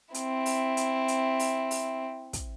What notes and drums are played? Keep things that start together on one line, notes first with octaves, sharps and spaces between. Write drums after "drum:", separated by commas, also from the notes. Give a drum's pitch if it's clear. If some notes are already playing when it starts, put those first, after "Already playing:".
C4 E4, drum: hi-hat
drum: open hi-hat
drum: hi-hat
drum: hi-hat
drum: open hi-hat
drum: open hi-hat
drum: kick, hi-hat